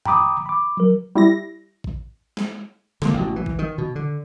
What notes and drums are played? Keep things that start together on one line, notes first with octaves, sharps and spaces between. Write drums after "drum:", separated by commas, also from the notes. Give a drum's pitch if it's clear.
G5 A#5 B5 D6 D#6, drum: tom F#2
B5 D6
F#3 A#4
G3 E4 A#6
drum: kick A1
drum: snare
D3 A#3, drum: snare
A1 B2
E3
drum: kick A1
D#3
B2
D3